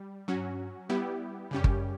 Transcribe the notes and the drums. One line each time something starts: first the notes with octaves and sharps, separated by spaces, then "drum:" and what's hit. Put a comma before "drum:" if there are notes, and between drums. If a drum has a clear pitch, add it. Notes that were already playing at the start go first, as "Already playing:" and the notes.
Already playing: G3
G2 F#3 C#4 F#4
G3 B3 E4 G4
F#2 C#3 G3 C#4 G4
drum: kick G1